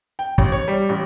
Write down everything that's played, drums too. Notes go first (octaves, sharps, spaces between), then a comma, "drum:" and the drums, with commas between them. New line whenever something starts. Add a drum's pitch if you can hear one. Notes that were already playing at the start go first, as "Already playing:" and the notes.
G5
A1, drum: kick
C#5
G3
A1